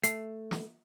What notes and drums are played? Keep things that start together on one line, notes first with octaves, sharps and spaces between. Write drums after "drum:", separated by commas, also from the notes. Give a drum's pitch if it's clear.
A3 C7, drum: hi-hat
drum: snare